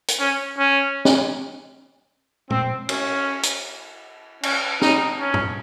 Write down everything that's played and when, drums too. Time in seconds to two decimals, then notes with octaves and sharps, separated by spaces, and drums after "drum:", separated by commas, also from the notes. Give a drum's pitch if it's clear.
0.08 drum: hi-hat
0.20 C#4
0.58 C#4
1.05 drum: snare
2.50 C4, drum: tom
2.89 C#4, drum: cymbal
3.43 drum: hi-hat
4.43 C#4, drum: cymbal
4.81 D#4, drum: snare
5.20 C#4
5.34 drum: tom